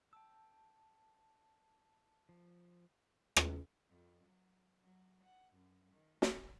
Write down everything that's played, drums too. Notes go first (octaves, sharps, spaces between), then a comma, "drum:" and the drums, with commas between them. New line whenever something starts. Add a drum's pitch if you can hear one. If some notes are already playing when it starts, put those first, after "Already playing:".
G5 A5 E6
F3
drum: rim click
F2
F#3
F#3
F#5
F#2
D#3
E2, drum: snare